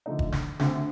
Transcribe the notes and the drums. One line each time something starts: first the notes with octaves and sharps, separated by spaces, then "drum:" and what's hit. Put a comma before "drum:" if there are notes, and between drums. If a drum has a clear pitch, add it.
D3 F3 A3 D#4
drum: kick
drum: snare
D2 D3 A3 C4, drum: snare